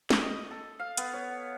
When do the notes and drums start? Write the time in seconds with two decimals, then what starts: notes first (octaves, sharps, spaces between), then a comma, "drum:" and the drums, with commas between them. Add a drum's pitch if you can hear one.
0.10 drum: snare
0.22 D#5
0.51 A4
0.79 F5
0.97 B3, drum: hi-hat
1.13 C#5